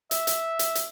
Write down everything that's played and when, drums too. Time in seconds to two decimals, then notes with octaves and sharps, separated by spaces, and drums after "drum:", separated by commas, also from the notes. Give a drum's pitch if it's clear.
0.11 E5, drum: hi-hat
0.27 drum: hi-hat
0.59 drum: hi-hat
0.75 drum: hi-hat